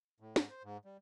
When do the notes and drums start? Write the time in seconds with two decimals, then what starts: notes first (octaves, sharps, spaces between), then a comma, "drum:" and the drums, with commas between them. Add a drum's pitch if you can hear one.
0.20 A2
0.36 G#2, drum: snare
0.50 C5
0.64 G#2
0.85 G3